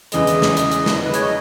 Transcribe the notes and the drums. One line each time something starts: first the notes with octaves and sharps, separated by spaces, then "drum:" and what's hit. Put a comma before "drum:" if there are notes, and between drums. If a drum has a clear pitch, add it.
E2 C#3 E3 G#3 D#5, drum: hi-hat
drum: hi-hat
drum: snare
drum: hi-hat
drum: hi-hat
drum: snare
B4
C#5, drum: hi-hat
D#5